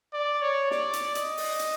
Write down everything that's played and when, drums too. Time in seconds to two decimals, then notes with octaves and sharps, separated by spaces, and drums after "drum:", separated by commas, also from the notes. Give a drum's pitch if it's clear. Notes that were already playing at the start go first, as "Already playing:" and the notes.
0.13 D5
0.42 C#5
0.71 D5, drum: snare
0.93 drum: hi-hat
1.15 D#5, drum: hi-hat
1.37 drum: open hi-hat
1.59 drum: hi-hat